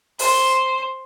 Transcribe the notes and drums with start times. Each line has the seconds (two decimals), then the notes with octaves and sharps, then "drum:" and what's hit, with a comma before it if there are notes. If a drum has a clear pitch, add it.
0.19 C5, drum: open hi-hat